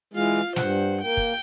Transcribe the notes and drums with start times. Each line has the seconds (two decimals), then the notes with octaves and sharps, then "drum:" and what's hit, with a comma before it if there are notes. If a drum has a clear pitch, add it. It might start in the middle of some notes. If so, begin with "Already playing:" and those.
0.14 E3 G#3 F4 F5
0.56 G2 C5 F#5, drum: snare
1.02 A#3 G5
1.17 drum: kick